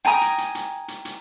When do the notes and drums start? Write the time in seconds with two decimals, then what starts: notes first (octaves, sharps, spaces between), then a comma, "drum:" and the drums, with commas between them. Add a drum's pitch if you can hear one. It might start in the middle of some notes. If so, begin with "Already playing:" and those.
0.05 G5 G#5 A#5 D#6, drum: hi-hat
0.21 drum: hi-hat
0.38 drum: hi-hat
0.55 drum: hi-hat
0.88 drum: hi-hat
1.05 drum: hi-hat